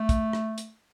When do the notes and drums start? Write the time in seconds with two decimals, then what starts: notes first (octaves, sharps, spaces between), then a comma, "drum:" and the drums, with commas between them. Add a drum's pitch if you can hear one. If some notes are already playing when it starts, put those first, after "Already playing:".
Already playing: A3
0.09 drum: kick, hi-hat
0.33 drum: rim click
0.58 drum: hi-hat